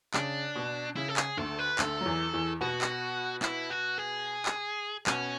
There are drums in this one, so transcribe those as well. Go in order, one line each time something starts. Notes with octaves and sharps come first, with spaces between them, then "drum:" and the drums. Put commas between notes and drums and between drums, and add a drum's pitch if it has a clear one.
C#3 D4, drum: clap
B2
C#3 E4
A4
G#4, drum: clap
D2 D3 A4
B4
D2 D3 A4, drum: clap
F#3
E2 E3
E2 E3
B2 B3 F#4
drum: clap
E4, drum: clap
F#4
G#4
drum: clap
B2 B3 C#4, drum: clap